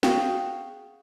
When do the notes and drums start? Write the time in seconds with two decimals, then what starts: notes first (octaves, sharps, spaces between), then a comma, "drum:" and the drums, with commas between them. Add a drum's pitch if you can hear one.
0.03 F#4 G#4 F5 G5, drum: snare